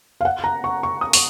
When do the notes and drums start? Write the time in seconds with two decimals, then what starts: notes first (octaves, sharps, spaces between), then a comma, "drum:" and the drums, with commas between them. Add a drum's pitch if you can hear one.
0.21 F5
0.25 F#5
0.44 A#5
0.64 C#6
0.83 C#6
1.01 D#6
1.13 C#6, drum: open hi-hat